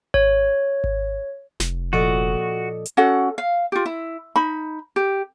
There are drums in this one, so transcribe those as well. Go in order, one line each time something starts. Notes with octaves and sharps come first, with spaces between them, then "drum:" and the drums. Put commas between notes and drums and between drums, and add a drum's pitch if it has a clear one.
C#5, drum: kick G#1
drum: kick G#1
F1, drum: snare
A#2 F3 F#4 A4 D5 D#5
drum: hi-hat
C#4 F#4 A4 F#5
F5
F4 G4
E4
D#4 B5
G4